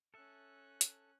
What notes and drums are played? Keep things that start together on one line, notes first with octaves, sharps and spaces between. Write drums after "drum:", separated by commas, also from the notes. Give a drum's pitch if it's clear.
C#4 A4 E5 F#6
drum: hi-hat